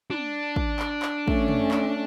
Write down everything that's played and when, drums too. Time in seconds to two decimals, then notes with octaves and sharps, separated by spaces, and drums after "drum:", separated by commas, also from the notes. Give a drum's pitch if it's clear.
0.10 D4, drum: tom
0.56 drum: kick
0.79 drum: clap
1.02 drum: clap
1.28 A3 C#4, drum: kick
1.48 drum: tom
1.71 drum: clap